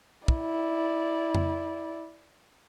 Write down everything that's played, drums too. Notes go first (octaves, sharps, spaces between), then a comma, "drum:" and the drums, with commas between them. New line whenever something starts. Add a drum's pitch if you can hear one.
E4 D5, drum: kick
drum: tom F2